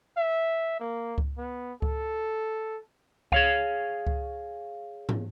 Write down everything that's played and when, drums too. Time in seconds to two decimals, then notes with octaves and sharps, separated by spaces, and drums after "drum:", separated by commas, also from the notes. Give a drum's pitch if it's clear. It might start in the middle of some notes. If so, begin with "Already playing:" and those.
0.17 E5
0.80 A#3
1.18 drum: kick C#2
1.38 B3
1.82 A4, drum: kick C#2
3.32 G#4 C#5 F5, drum: kick C#2
4.07 drum: kick C#2
5.09 drum: tom